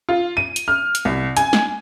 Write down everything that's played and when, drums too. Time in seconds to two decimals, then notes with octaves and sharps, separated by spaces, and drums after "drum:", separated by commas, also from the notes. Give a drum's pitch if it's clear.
0.09 F4
0.37 D#7
0.56 drum: hi-hat
0.68 F6
0.95 drum: hi-hat
1.05 C2
1.37 G#5, drum: hi-hat
1.53 drum: snare